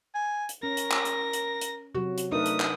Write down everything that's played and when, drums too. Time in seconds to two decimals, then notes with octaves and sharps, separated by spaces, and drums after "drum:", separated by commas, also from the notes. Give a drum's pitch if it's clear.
0.15 G#5
0.49 drum: hi-hat
0.63 C#4 A#4 A#6
0.77 drum: hi-hat
0.91 drum: clap
1.05 drum: hi-hat
1.33 drum: hi-hat
1.61 drum: hi-hat
1.95 C3 F#3 F#4
2.18 drum: hi-hat
2.32 A3 D4 D#4 A#4 B4 D#6
2.46 drum: hi-hat
2.60 drum: clap